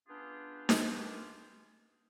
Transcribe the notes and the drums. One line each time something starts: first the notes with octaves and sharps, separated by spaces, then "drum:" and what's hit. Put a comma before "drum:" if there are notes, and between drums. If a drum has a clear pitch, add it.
B3 C#4 D4 F4 G4 G#4
drum: snare D#4